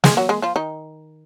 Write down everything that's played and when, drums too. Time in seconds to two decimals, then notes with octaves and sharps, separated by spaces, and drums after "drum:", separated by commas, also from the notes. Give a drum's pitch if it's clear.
0.04 G#3 G#4, drum: snare
0.17 F#3 F#4
0.29 G#3 G#4
0.42 F3 F4
0.56 D#3 D#4